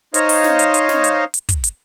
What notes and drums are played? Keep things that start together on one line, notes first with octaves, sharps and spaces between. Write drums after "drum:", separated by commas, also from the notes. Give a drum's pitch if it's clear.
D#4 C5 C#5 D#5 F5, drum: hi-hat
drum: open hi-hat
drum: snare
drum: hi-hat
drum: hi-hat
drum: snare
drum: hi-hat
drum: hi-hat
drum: kick, hi-hat
drum: hi-hat